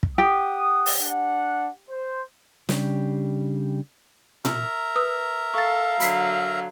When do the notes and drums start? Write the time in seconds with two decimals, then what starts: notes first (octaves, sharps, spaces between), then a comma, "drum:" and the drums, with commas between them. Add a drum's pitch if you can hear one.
0.03 drum: kick
0.18 G4 F#5 D#6
0.86 drum: open hi-hat
1.00 D4 F#5
1.90 C5
2.69 C#3 G3 D4 G4, drum: snare
4.45 A#4 E5 A#5, drum: tom A#2
4.96 B4 D#6 E6
5.54 A4 F5 C#6 A6
6.00 D3 F#3 B5 B6 C7, drum: hi-hat